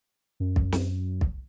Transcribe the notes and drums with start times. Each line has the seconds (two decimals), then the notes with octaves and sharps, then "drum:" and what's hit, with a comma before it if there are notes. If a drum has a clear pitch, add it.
0.40 F#2
0.56 drum: kick
0.72 drum: snare
1.21 drum: kick